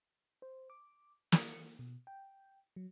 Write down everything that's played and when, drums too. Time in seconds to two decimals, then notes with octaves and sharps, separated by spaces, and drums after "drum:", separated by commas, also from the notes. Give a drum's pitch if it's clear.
0.42 C5
0.70 D6
1.32 C#7, drum: snare
1.79 B2
2.07 G5
2.76 F#3